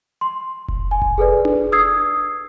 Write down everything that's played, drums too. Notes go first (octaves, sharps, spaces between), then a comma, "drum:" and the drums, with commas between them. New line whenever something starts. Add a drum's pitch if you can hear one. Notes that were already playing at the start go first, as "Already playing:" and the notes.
C6
drum: kick F1
G#5
drum: kick F1
G#4 A4 B4 D5
drum: tom D4
D#6 E6 G#6 C7